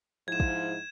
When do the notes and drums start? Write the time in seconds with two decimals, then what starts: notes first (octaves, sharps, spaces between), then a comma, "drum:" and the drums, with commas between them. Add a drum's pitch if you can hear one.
0.28 G#2 F3 E4 G#6 E7
0.40 drum: kick